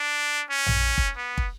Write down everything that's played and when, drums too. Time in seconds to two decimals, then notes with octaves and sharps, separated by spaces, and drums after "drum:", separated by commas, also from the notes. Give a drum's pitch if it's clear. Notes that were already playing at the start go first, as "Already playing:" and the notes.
Already playing: D4
0.50 C#4
0.67 drum: tom A#1
0.98 drum: kick
1.17 B3
1.38 drum: kick